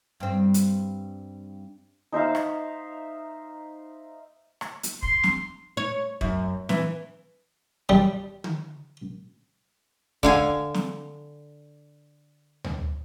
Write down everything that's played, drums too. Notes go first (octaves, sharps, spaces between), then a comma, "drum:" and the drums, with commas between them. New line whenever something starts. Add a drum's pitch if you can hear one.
G2 C4
drum: hi-hat
D#4 C5 E5 F5
drum: rim click
drum: rim click
drum: hi-hat
C6, drum: kick
drum: snare
C#5
F#2, drum: kick
E3, drum: snare
G3
drum: tom D3
D3 F5 G#5, drum: kick
drum: snare
drum: tom D2